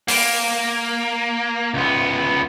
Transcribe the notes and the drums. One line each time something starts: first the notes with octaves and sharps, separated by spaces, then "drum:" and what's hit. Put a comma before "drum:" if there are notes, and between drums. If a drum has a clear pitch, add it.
A#3, drum: open hi-hat
C#2 B3